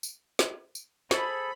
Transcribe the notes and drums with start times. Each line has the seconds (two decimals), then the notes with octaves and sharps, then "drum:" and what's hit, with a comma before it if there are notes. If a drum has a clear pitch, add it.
0.03 drum: tambourine
0.39 drum: snare
0.75 drum: tambourine
1.11 G#4 A4 C5 B5, drum: snare